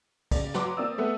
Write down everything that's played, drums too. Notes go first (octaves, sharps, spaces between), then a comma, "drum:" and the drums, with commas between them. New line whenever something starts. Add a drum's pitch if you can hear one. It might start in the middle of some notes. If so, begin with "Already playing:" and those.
C#3 D5, drum: kick, cymbal
F#3 B4 F#5 C6 D6, drum: snare
A#3 C4 D5 D#6 E6
A3 B3 F#5